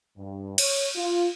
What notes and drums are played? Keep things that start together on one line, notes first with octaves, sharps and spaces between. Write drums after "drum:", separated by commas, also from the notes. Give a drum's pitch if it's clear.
G2
C#5, drum: cymbal
F4